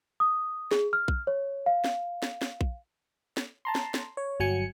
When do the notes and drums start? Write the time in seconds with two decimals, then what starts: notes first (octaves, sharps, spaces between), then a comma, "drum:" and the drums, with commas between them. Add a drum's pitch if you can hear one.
0.20 D#6
0.71 G#4, drum: snare
0.93 F6
1.08 drum: kick A#1
1.27 C#5
1.66 F5
1.84 drum: snare
2.23 drum: snare
2.42 drum: snare
2.61 drum: kick A#1
3.37 drum: snare
3.65 A5 A#5 C6
3.75 drum: snare
3.94 drum: snare
4.17 C#5
4.40 G1 F#3 G#5 C#7